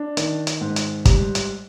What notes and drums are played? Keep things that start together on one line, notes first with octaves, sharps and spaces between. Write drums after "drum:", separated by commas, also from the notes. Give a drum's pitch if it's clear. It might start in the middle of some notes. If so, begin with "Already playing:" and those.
Already playing: D4
D#3, drum: hi-hat
drum: hi-hat
G#2
drum: hi-hat
G3, drum: kick, hi-hat
drum: hi-hat